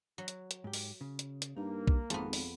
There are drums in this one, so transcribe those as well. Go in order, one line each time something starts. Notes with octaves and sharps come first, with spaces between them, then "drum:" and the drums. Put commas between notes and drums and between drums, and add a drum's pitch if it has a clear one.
F#3
drum: hi-hat
drum: hi-hat
G#2 G4
drum: open hi-hat
C#3
drum: hi-hat
drum: hi-hat
G2 A#3 D#4
drum: kick B1
G#1 F2 B3 C4 G#4 A5, drum: hi-hat
drum: open hi-hat